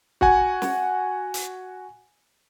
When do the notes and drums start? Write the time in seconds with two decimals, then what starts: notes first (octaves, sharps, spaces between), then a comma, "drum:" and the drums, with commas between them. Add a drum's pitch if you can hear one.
0.21 F#4 F#5 G#5, drum: kick
0.62 drum: snare
1.34 drum: hi-hat